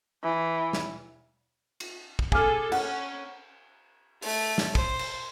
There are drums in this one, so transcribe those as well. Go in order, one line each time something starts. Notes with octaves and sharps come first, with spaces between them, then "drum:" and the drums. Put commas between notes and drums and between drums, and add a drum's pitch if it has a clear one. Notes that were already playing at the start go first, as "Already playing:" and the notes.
E3
drum: snare
drum: cymbal
drum: kick
G#4 A4 G#5 D6 F6, drum: kick
C#4 F#5, drum: cymbal
A3, drum: open hi-hat
drum: snare
C5, drum: kick
drum: cymbal